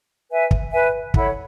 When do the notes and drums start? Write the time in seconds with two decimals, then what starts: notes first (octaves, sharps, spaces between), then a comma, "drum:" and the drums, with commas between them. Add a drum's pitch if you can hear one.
0.30 B4 E5 G#5
0.51 drum: kick
0.72 B4 E5 G#5
1.14 E4 A4 C#5 F#5, drum: kick